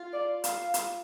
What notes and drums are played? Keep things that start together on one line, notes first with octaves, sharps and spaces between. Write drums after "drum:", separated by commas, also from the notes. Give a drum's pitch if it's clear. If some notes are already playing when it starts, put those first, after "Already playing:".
Already playing: F4
D5
F5, drum: hi-hat
drum: hi-hat